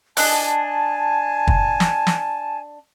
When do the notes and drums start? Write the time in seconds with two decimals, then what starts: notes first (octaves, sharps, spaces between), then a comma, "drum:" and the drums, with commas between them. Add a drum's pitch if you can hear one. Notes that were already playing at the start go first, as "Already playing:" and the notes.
0.17 D4 D#5 G#5 A5 F#6, drum: open hi-hat
1.47 drum: kick
1.80 drum: snare
2.07 drum: snare